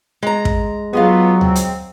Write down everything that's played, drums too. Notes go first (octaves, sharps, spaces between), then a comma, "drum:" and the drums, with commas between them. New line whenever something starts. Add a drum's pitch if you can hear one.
G#3 A#5
drum: kick
F#3 B3 F4 G#4 D#5 F5
C4, drum: tom D2
drum: hi-hat